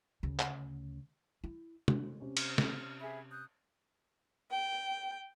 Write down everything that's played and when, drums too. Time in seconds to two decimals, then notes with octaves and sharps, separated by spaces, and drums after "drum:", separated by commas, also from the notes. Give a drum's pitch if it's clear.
0.23 D2 C#3
0.39 drum: clap
1.44 E4
1.88 drum: tom
2.20 C3 C#4
2.37 F6, drum: cymbal
2.58 drum: snare
3.00 G#4 E5 B5
3.30 D#6 F#6 G6
4.49 G5